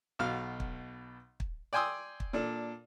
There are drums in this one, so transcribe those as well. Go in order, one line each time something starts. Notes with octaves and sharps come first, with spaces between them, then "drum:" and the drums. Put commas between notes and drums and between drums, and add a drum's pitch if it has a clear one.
B1 B2 F5 F6
drum: kick
drum: kick
D5 G5 G#5 C6 D#6 E6
drum: kick
A#2 D4 A4